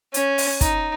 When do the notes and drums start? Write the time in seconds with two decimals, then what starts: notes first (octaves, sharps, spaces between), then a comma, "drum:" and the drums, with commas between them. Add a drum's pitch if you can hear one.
0.14 C#4, drum: hi-hat
0.38 drum: open hi-hat
0.61 D#4, drum: kick, hi-hat